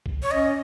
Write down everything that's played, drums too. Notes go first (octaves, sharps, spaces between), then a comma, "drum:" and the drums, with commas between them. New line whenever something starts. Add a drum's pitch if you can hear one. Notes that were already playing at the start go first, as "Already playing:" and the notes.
drum: kick
C#5
C#4 D#5